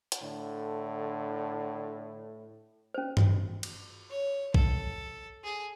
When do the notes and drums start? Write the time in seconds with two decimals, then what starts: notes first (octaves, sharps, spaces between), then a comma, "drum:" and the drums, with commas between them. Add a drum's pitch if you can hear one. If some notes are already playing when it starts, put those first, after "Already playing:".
0.12 drum: hi-hat
0.23 A2 D3
2.94 C#4 C5
3.17 drum: tom G2
3.63 drum: cymbal
4.10 C#5
4.54 A4, drum: kick
5.44 G#4